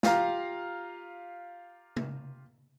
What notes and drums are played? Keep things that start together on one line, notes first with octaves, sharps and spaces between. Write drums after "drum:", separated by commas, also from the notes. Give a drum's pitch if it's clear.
F4 G4 F5 A#5, drum: snare
drum: tom C3